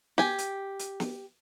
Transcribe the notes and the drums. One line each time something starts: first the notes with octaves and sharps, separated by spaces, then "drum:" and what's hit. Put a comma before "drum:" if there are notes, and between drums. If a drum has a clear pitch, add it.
G4 G#5, drum: snare
drum: hi-hat
drum: hi-hat
drum: snare